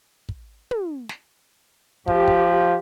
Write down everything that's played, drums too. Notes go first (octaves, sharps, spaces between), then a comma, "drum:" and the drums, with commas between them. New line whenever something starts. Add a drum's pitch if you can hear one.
drum: kick
drum: tom
drum: snare
F3 G4, drum: kick
drum: kick